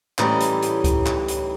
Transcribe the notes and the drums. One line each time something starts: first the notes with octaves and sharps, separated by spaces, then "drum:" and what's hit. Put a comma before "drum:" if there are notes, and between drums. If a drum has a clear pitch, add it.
A2 E3 G3 C#4 D#4, drum: clap
drum: hi-hat
drum: hi-hat
drum: kick C#2, hi-hat
drum: clap
drum: hi-hat